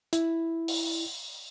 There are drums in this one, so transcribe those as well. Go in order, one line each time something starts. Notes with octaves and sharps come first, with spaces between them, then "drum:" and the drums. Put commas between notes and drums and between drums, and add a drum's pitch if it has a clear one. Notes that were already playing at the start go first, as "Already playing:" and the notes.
E4, drum: hi-hat
drum: open hi-hat